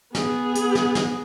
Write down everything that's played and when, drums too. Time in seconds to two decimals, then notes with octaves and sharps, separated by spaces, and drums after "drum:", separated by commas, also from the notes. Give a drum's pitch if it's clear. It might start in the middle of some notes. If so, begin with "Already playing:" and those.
0.15 B3 G#4, drum: snare
0.55 drum: hi-hat
0.75 drum: snare
0.95 drum: snare